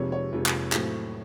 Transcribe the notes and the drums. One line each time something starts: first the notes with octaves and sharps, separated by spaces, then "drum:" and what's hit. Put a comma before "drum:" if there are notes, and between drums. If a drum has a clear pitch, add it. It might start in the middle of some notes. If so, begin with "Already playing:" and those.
Already playing: F1 F2 C3 F3 G#3 C#5
C#5
F1 F2 C3 F3 G#3
drum: clap
A2 F#3 A3 C4, drum: clap